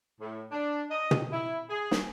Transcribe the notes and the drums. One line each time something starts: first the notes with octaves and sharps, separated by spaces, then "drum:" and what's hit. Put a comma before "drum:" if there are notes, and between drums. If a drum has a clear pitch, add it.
A2
D4
D#5
drum: tom
E4
G#4
drum: snare